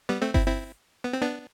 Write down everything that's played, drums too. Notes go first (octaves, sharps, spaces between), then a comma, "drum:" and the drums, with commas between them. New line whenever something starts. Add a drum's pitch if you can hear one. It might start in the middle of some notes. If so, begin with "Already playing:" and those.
G3 B3
A3 C4
C4 E4, drum: kick G1
C4 E4
B3
C4
B3 D4